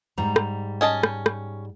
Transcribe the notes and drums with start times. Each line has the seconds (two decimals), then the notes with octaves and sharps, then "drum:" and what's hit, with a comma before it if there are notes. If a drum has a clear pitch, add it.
0.18 G#2 G3 A#5
0.36 drum: rim click
0.81 C#4 D#5 A5
1.03 drum: rim click
1.26 drum: rim click